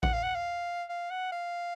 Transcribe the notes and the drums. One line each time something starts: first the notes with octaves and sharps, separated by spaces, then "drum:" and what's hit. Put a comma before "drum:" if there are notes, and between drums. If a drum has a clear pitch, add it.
F#5, drum: kick A1
F5
F#5
F5
F5
F#5
F5